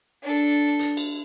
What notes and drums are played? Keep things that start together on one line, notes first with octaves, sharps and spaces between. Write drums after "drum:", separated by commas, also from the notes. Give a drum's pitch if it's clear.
D4 A4
drum: hi-hat
drum: cymbal